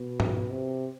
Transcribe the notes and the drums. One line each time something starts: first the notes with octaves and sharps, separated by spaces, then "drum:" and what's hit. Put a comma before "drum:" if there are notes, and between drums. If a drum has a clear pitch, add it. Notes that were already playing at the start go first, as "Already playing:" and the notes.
Already playing: B2
drum: tom G#2
C3